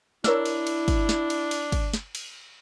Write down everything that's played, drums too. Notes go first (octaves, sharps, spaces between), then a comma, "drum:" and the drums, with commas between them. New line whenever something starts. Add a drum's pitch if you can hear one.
D4 E4 A#4 C#5 E6, drum: snare
drum: cymbal
drum: cymbal
drum: kick, cymbal
drum: snare
drum: cymbal
drum: cymbal
drum: kick, cymbal
drum: snare
drum: cymbal